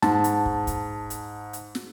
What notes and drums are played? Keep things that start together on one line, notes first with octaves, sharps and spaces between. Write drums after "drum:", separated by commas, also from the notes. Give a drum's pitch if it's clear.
G#2 A5, drum: snare
drum: hi-hat
drum: kick
drum: kick, hi-hat
drum: hi-hat
drum: hi-hat
drum: snare